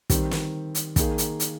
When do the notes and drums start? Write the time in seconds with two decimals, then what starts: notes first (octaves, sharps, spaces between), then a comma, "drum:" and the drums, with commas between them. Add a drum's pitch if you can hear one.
0.10 D#3 G3 C4, drum: kick, hi-hat
0.31 drum: snare
0.75 drum: hi-hat
0.96 D#3 A#3 D#4 G#4, drum: kick, hi-hat
1.18 drum: hi-hat
1.40 drum: hi-hat